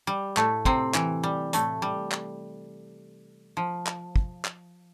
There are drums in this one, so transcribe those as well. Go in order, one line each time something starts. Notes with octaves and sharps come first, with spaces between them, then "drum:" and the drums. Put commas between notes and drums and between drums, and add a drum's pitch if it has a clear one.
G3
A2 A3, drum: clap
C3 C4, drum: kick
E3, drum: clap
G3
A2 A3, drum: hi-hat
G3
drum: clap
F3
drum: clap
drum: kick
drum: clap